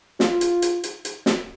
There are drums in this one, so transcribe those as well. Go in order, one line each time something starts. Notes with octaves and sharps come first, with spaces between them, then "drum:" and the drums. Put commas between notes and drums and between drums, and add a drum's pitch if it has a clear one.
F4, drum: snare
drum: hi-hat
drum: hi-hat
drum: hi-hat
drum: hi-hat
drum: snare